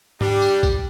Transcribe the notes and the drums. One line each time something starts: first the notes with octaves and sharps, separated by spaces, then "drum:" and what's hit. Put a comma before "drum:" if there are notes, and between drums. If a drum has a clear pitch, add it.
G3 D4 G4, drum: tom
drum: tambourine
drum: kick, tambourine